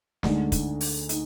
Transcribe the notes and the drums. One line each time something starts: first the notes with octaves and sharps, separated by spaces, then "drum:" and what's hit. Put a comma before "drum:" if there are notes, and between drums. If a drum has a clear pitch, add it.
D2 D3 G#3 D#4, drum: snare
drum: kick, hi-hat
drum: open hi-hat
D#4, drum: hi-hat